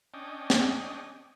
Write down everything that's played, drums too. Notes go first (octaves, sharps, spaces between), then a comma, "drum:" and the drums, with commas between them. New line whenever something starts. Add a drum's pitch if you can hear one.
C#4 D4 D#5 G5
drum: snare